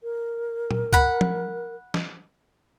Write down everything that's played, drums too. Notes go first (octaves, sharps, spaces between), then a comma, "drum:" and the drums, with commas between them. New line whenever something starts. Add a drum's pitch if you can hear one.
A#4
drum: tom
F#5 B5, drum: kick
drum: tom F3
drum: snare